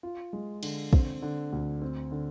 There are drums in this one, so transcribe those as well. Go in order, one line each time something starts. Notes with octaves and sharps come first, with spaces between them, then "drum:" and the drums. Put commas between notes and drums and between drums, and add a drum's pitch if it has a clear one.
F4
G#3
D3, drum: cymbal
C4, drum: kick
D3
D2
C4
D3